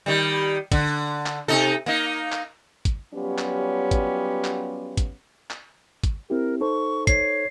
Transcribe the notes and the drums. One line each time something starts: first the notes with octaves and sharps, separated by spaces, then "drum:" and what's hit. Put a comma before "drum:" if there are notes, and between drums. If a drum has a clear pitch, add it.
D#3 G3
D3, drum: kick, hi-hat
drum: clap
C3 D#4 A4
A#3 D#4
drum: clap
drum: kick, hi-hat
F#3 G3 B3 C#4 F4 G4
drum: clap
drum: kick, hi-hat
drum: clap
drum: kick, hi-hat
drum: clap
drum: kick, hi-hat
C4 E4 G4 A#4
D#4 A4 C5 C#6
C#5 C7, drum: kick, hi-hat